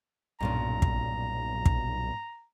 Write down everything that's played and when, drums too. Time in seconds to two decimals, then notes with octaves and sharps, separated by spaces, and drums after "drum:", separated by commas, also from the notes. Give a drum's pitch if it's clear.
0.40 B1 G2 A#2 C#4 A#5
0.82 drum: kick
1.66 drum: kick